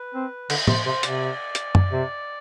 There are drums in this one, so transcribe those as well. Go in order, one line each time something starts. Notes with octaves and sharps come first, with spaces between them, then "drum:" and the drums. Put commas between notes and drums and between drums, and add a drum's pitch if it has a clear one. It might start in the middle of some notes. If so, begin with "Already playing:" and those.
Already playing: B4
C4
D3, drum: cymbal
C3 C5, drum: tom
C3 C5
C3 D5, drum: hi-hat
drum: hi-hat
drum: tom F#2
C3